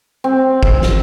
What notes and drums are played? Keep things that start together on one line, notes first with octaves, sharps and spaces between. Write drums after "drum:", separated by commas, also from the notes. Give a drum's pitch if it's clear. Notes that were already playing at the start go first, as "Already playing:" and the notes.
C4
drum: kick
drum: snare